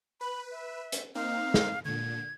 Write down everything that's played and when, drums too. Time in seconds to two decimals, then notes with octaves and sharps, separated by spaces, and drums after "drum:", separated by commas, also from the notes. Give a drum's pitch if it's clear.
0.21 B4 B5
0.51 E5
0.92 drum: hi-hat
1.15 A#3 C4 D#4 F5
1.54 drum: snare
1.85 A#2 D3 G#6